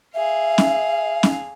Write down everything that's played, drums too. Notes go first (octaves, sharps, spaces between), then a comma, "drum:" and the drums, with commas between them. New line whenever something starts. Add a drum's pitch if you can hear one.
G#4 E5 F5
drum: snare
drum: snare